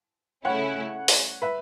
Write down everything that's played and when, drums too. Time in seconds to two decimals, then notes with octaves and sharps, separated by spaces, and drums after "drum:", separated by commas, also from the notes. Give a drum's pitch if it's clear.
0.45 C#3 A3 C#4 E4 C#5 F#5
1.08 drum: open hi-hat
1.42 B4 E5